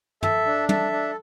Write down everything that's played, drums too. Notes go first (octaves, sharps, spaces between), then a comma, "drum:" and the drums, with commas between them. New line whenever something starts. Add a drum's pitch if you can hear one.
A4 E5, drum: tom
D4
A4 E5, drum: tom
D4